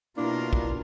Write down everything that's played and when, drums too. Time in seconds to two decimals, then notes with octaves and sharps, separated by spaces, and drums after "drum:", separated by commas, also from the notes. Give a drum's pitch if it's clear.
0.17 B2 A#3 D4 E4 F4 A#4
0.53 drum: kick